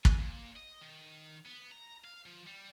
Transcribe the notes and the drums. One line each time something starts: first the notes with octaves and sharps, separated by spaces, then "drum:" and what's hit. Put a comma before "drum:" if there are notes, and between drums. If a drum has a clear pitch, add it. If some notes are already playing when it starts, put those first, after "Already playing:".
G#5, drum: kick
A#2
D#5
D#3
B3
A#5
F5
F3
G3